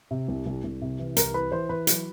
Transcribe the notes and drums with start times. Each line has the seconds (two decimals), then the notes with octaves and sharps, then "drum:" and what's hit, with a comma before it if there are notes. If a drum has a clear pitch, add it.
0.11 C3
0.28 C2
0.46 C2
0.64 C2
0.82 C3
0.99 E3
1.17 C2 A#4 A#5, drum: hi-hat
1.34 E3 B4 B5
1.52 E3 C5 C6
1.69 E3 B4 B5
1.87 F#3, drum: hi-hat